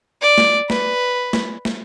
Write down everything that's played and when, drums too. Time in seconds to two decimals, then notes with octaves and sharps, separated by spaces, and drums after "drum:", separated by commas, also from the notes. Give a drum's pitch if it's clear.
0.22 D5
0.38 drum: snare
0.70 B4, drum: snare
1.33 drum: snare
1.65 drum: snare